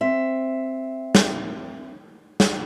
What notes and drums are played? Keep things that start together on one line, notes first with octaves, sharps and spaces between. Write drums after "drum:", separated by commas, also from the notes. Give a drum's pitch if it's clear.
C4 E5
drum: snare
drum: snare